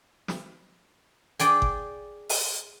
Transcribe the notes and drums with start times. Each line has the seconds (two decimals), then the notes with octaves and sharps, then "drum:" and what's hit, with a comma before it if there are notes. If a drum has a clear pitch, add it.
0.28 drum: snare
1.39 G#4 D5 G5 G#5, drum: hi-hat
1.62 drum: kick G1
2.29 drum: open hi-hat